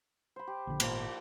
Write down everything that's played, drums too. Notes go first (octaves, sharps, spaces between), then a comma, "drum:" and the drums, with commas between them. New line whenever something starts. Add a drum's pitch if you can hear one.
C5 B5
G4
A#1 D3
G#1 A#2 F3 A#3 B3, drum: cymbal